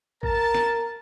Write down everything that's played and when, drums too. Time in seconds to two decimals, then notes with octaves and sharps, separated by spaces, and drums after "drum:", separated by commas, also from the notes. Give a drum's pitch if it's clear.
0.23 A#4 A5, drum: kick A1
0.55 drum: snare